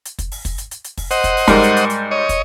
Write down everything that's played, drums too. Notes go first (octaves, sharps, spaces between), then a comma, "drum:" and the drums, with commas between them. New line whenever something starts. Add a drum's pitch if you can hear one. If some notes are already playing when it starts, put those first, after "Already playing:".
drum: hi-hat
drum: kick, hi-hat
drum: open hi-hat
drum: kick, hi-hat
drum: hi-hat
drum: hi-hat
drum: hi-hat
drum: kick, open hi-hat
C5 D#5 F#5, drum: hi-hat
drum: kick, hi-hat
drum: open hi-hat
G#2 G3 A#4, drum: kick, hi-hat
drum: hi-hat
drum: hi-hat
drum: hi-hat
C#5 D#5
drum: kick, hi-hat